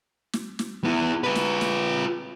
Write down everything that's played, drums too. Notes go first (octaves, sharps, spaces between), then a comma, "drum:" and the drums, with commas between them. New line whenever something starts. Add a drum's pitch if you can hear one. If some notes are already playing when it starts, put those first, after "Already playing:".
drum: snare
drum: snare
B3 E4
F4 B4
drum: snare
drum: snare